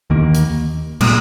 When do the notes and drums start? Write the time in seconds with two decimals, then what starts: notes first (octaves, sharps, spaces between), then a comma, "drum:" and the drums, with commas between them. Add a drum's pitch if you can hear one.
0.10 D#2 D#3 A#3
0.34 drum: hi-hat
1.01 A#2 G3 A#3, drum: cymbal